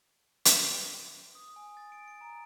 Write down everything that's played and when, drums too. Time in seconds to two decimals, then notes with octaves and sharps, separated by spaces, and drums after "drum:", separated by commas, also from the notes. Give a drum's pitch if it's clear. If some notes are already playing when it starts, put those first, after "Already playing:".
0.45 drum: hi-hat
1.35 D#6
1.56 G#5
1.77 A6
1.92 D7
2.08 D7
2.21 A#5